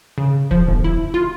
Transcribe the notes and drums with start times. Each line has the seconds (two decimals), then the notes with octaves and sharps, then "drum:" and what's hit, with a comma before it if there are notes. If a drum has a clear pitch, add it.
0.18 C#3
0.51 F3, drum: kick D#1
0.68 G1
0.84 E4
1.14 F4